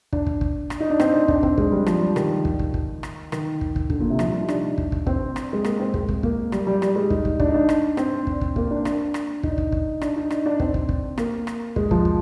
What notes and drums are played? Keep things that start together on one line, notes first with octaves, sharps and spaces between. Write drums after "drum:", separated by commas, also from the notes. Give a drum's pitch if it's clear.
D4, drum: kick
drum: kick
drum: kick
drum: rim click
D#4
D4
C4, drum: rim click
D4
D4, drum: kick
C4, drum: kick
G#3, drum: kick
G3
F3, drum: rim click
G3
D#3, drum: rim click
drum: kick
drum: kick
drum: kick
drum: rim click
D#3, drum: rim click
drum: kick
drum: kick
D3, drum: kick
A#2
C3
F3, drum: rim click
G3
D#4
D4, drum: rim click
drum: kick
drum: kick
C4, drum: kick
drum: rim click
G#3
A#3, drum: rim click
C4
G#3, drum: kick
drum: kick
A#3, drum: kick
G3, drum: rim click
G3
G3, drum: rim click
G#3
D#4, drum: kick
drum: kick
D4, drum: kick
D#4
D4
drum: rim click
C4, drum: rim click
drum: kick
drum: kick
A#3, drum: kick
D4
D4, drum: rim click
drum: rim click
D#4, drum: kick
drum: kick
drum: kick
D4, drum: rim click
D#4
D4, drum: rim click
D4
C4, drum: kick
drum: kick
drum: kick
A#3, drum: rim click
drum: rim click
G#3, drum: kick
F3, drum: kick
drum: kick